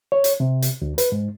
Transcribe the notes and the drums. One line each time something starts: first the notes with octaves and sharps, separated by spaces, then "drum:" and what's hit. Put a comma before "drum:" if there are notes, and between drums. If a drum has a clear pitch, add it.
C#5
drum: hi-hat
C3
drum: hi-hat
D2
B4, drum: hi-hat
G#2